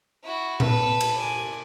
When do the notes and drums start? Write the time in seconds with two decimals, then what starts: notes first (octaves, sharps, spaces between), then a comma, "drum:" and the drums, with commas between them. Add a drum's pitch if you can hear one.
0.23 E4 F#4
0.60 A4 B4, drum: tom A#2
1.01 drum: cymbal
1.18 D5 G#5